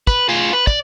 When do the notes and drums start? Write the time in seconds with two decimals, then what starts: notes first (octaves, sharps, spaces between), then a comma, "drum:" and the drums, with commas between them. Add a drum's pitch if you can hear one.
0.07 B4, drum: kick
0.29 F4 G#4
0.53 B4
0.67 D5, drum: kick